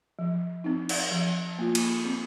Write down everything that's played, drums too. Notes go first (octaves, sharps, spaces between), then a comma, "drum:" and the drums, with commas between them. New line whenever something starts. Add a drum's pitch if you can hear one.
F3
C4 D#4
drum: cymbal
F3
A#3 F4
drum: cymbal
C4